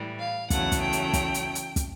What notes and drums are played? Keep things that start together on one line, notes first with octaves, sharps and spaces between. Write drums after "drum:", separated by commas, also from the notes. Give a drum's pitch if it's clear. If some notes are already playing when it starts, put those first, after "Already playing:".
Already playing: A2 E3 G3
F5
E2 C#3 F#3 A3 F#5, drum: kick, hi-hat
drum: kick, hi-hat
G5
drum: hi-hat
drum: kick, hi-hat
drum: hi-hat
drum: hi-hat
drum: kick, hi-hat